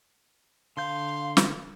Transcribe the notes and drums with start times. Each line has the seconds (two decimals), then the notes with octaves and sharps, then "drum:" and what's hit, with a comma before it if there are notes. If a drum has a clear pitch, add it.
0.77 D3 F5 C6 G6
1.37 drum: snare